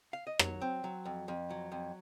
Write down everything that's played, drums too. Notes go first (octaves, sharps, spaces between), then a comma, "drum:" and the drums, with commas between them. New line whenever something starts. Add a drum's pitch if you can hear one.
F5
D#5
F#3 C#5, drum: rim click
C4
F#3
F2
F2
F#3
F2